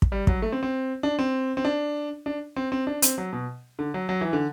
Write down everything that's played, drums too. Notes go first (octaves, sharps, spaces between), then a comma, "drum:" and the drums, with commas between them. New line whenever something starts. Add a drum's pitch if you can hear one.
drum: kick
G3
F#3, drum: kick
A3
C4
C4
D4
C4
C4
D4
D4
C4
C4
D4
C4, drum: hi-hat
F#3
B2
D3
F#3
F#3
E3
D3